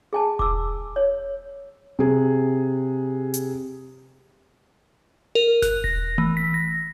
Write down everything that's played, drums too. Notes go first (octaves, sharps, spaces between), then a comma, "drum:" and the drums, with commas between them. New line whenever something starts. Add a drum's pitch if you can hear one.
G#4 G#5 A5
D6 E6, drum: kick E1
C#5
C3 G#4
drum: hi-hat
A#4
F#6, drum: snare G1
A#6, drum: kick E1
E3, drum: tom A3
B6
A#6